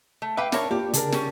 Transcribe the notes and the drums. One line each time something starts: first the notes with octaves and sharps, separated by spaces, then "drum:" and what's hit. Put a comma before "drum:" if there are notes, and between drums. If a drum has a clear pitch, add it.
A3
B4 E5 F5 G5 B5 D6
D4 A#4 C#5, drum: snare
A#3 F4 G4 D5
C#3 D4 G#4 A#4, drum: hi-hat
G3 C#4, drum: snare